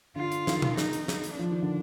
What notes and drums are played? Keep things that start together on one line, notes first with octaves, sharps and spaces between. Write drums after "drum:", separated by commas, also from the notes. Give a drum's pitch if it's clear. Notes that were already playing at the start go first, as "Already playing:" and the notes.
D3 F4
drum: hi-hat
D#3, drum: snare
drum: tom B2
D#4, drum: snare
drum: hi-hat
drum: snare
drum: hi-hat
F3 D4
D#3
D3